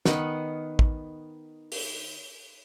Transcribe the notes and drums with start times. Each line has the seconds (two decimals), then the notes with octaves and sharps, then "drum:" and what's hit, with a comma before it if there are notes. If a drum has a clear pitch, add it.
0.05 D#3 B3 F#5, drum: snare
0.79 drum: kick
1.72 drum: open hi-hat